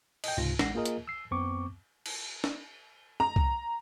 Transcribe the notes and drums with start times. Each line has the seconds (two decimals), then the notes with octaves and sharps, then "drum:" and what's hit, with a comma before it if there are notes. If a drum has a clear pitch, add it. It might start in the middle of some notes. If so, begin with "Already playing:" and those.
0.24 D#5 G5, drum: cymbal
0.37 C#2 G#2 C3 F4 A#6
0.59 A1 G#3 F#5 A#6 C7, drum: snare
0.75 A#3 F4 G#4 A#4 D#5
0.85 drum: hi-hat
1.08 E6 C7
1.31 F#2 B3 C4 C#6 D6
2.06 drum: cymbal
2.44 drum: snare
3.20 A#5
3.36 drum: kick C2